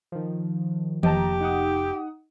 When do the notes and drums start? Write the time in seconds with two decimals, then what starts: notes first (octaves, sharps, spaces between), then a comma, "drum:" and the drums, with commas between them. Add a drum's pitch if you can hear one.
0.12 D#3 F3
1.03 F1 F3 A#3 G4 D#5 A5 A#5, drum: tom D#3
1.41 D#4 F#5 D#6